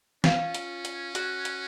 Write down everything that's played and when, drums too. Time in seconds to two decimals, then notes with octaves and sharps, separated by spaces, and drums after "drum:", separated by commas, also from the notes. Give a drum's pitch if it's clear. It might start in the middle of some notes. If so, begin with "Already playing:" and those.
0.24 C#4 F4, drum: snare
0.55 drum: hi-hat
0.85 drum: hi-hat
1.15 F#4, drum: hi-hat
1.45 drum: hi-hat